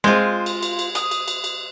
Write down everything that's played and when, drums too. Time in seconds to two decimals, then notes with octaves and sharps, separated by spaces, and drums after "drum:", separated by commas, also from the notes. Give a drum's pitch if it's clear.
0.04 G#3 C4 F4 C5
0.46 drum: cymbal
0.63 drum: cymbal
0.79 drum: cymbal
0.95 D#6, drum: cymbal
1.11 drum: cymbal
1.28 drum: cymbal
1.44 drum: cymbal